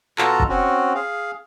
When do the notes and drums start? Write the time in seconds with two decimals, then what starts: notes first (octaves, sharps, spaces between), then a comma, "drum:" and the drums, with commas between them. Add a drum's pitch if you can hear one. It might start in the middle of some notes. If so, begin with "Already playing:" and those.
0.18 B2 F4 F#4 A4 A5 A#5, drum: clap
0.40 drum: kick
0.49 C4 C#4 F#4
0.95 G#4 F5